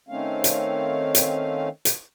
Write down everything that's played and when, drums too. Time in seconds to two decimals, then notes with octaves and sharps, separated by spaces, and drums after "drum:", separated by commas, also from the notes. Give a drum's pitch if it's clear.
0.09 D#3 A3 C4 C#4 F5
0.44 drum: hi-hat
1.15 drum: hi-hat
1.85 drum: hi-hat